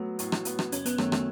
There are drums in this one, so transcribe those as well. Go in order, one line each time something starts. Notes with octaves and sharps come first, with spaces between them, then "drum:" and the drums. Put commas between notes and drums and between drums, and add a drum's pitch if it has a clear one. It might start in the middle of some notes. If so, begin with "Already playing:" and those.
Already playing: F#3 A3 B3
A2, drum: hi-hat
drum: rim click
F#3 B3, drum: hi-hat
drum: rim click
F#1 C#4, drum: hi-hat
B3, drum: hi-hat
F#2 D#3 F#3 A3 C#4, drum: rim click
A3, drum: rim click